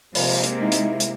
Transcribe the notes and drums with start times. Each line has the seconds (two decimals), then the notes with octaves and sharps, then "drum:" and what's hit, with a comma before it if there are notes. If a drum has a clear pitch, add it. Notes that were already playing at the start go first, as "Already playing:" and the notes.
0.15 C3 F3 G#3 A#3, drum: open hi-hat
0.43 drum: hi-hat
0.61 D#4 E4
0.72 drum: hi-hat
1.00 drum: hi-hat